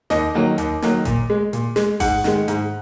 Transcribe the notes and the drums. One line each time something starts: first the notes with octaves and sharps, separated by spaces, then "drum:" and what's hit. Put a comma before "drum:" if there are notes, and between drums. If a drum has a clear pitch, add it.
D#2 D#5, drum: snare
D#3 F#3 A#3
D#2, drum: hi-hat
D#3 F#3 A#3, drum: snare
A#2, drum: kick G#1, hi-hat
G#3
A#2, drum: hi-hat
G#3, drum: snare
G#2 F#5, drum: kick G#1, open hi-hat
D#3 G#3, drum: snare
G#2, drum: hi-hat